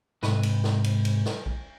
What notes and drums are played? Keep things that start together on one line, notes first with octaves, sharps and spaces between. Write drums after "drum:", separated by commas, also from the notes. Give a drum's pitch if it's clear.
G#2 C3 B4, drum: snare
drum: cymbal
drum: snare
drum: cymbal
drum: cymbal
drum: snare
drum: kick